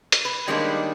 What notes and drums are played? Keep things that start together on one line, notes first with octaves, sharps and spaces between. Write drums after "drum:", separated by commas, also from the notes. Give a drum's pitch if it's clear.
drum: hi-hat
B4
D#3 G3 G#3 A#3 C#4 D4